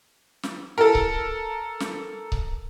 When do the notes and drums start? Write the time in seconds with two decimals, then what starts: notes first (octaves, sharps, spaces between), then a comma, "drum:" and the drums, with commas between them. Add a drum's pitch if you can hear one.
0.43 drum: snare
0.78 A4 A#4
0.95 drum: kick C#1
1.80 drum: snare
2.32 drum: kick C#1